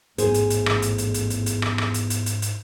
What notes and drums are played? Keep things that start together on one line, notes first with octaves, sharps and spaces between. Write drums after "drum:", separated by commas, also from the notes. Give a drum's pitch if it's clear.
A1 E2 G#2 G#4 C5, drum: hi-hat
drum: hi-hat
drum: hi-hat
drum: rim click
drum: hi-hat
drum: hi-hat
drum: hi-hat
drum: hi-hat
drum: hi-hat
drum: rim click
drum: rim click
drum: hi-hat
drum: hi-hat
drum: hi-hat
drum: hi-hat